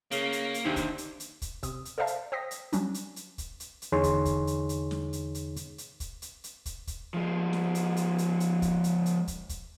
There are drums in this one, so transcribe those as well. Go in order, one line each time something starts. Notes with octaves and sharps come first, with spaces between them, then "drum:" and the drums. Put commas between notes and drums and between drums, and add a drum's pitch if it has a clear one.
C#3 A#3, drum: hi-hat
drum: hi-hat
drum: hi-hat
D#2 C3 D4 D#4
drum: kick, hi-hat
drum: hi-hat
drum: hi-hat
drum: kick, hi-hat
C3 D#6, drum: kick, hi-hat
drum: hi-hat
A4 C5 D5 E5 F5 A5
drum: hi-hat
C5 G5 D#6 A#6 B6
drum: hi-hat
F#3 G3 C#4 D4, drum: hi-hat
drum: hi-hat
drum: hi-hat
drum: kick, hi-hat
drum: hi-hat
drum: hi-hat
E2 D3 D#4 G#4 C#5 C6
drum: kick, hi-hat
drum: kick, hi-hat
drum: hi-hat
drum: hi-hat
drum: snare
drum: hi-hat
drum: hi-hat
drum: hi-hat
drum: hi-hat
drum: kick, hi-hat
drum: hi-hat
drum: hi-hat
drum: kick, hi-hat
drum: kick, hi-hat
F3 G#3
drum: snare
drum: hi-hat
drum: hi-hat
drum: hi-hat
drum: hi-hat
drum: kick, hi-hat
drum: hi-hat
drum: hi-hat
drum: kick, hi-hat
drum: kick, hi-hat